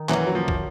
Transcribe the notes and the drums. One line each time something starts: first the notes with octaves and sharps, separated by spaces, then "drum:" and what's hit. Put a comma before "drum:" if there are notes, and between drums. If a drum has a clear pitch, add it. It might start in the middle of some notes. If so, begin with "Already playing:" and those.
Already playing: D#3
F#2 E3, drum: clap
F#3
F3
drum: kick